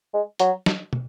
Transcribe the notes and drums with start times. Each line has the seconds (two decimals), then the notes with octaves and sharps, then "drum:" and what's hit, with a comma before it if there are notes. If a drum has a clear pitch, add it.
0.14 G#3
0.39 F#3, drum: hi-hat
0.66 drum: snare
0.93 drum: tom